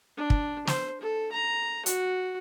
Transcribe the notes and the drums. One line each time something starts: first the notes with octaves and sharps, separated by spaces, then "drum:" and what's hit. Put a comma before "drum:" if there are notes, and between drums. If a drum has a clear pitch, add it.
D4
drum: kick
C5, drum: snare
A4
A#5
F#4, drum: hi-hat